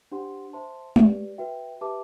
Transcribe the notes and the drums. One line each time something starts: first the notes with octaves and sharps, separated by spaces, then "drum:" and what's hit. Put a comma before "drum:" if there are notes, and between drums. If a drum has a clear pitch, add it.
D4 G4 C5 F#5 C6
C5 E5 A5 C6
G4 B4 D5, drum: tom G#3
F#4 B4 E5 G5
G4 B4 E5 A5 D6